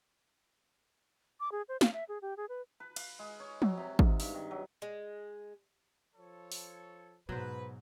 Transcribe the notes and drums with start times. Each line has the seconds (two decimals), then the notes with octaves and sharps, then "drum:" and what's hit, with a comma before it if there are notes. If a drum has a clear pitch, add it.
1.40 D6
1.52 G#4
1.69 C5
1.81 F5, drum: snare
1.93 E5
2.09 G#4
2.22 G4
2.37 G#4
2.49 B4
2.80 B4
2.96 F5, drum: cymbal
3.19 G#3
3.40 C#5
3.62 F#3, drum: tom
3.77 C3
3.99 G#2, drum: kick
4.20 G2, drum: open hi-hat
4.35 D#3
4.51 F#3
4.82 G#3
6.16 F3 A4 C#5
6.52 drum: open hi-hat
7.29 G#2 B2 F#3 B4 C5